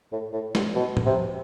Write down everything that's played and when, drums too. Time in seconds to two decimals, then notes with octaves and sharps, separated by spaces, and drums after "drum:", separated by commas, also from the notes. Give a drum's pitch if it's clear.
0.12 A2
0.33 A2
0.55 G2, drum: snare
0.75 B2
0.97 drum: tom
1.06 C3